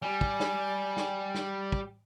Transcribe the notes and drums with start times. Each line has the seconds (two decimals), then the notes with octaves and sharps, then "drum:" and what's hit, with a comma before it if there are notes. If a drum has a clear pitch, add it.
0.02 G3 G#5
0.21 drum: kick
0.40 drum: snare
0.97 drum: snare
1.35 drum: snare
1.72 drum: kick